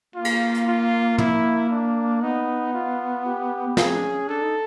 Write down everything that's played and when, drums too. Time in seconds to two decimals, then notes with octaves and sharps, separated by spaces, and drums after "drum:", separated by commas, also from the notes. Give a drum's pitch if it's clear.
0.15 A#3 F4
0.25 drum: cymbal
0.54 drum: hi-hat
0.67 F4
1.18 E4, drum: tom
1.70 D4
2.22 B3 D#4
2.73 F4
3.26 G4
3.67 B3
3.77 C4 G#4, drum: snare
3.96 D4
4.03 C#4
4.29 D4 A4
4.42 D#4